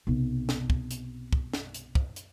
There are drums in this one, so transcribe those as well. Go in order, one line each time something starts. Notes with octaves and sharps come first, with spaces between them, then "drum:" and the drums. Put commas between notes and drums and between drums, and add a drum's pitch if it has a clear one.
B1 C3
drum: snare
drum: kick
drum: hi-hat
drum: kick
drum: snare
drum: hi-hat
drum: kick
drum: hi-hat